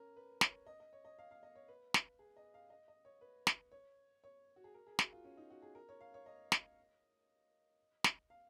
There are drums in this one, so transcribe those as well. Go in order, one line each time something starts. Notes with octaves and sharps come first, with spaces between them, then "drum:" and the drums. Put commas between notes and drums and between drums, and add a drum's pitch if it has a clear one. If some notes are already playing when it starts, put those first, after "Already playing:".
Already playing: C#4 A#4
B4
C#5, drum: snare
D#5
D#5
C#5
D#5
F5
F5
D#5
C#5
B4
drum: snare
G#4
D#5
F5
D#5
D#5
C#5
B4
drum: snare
C#5
C#5
F#4
G#4
A#4
G#4
F#4, drum: snare
F4
C#4
D#4
F#4
G#4
A#4
C#5
F5
C#5
D#5
drum: snare
drum: snare
F5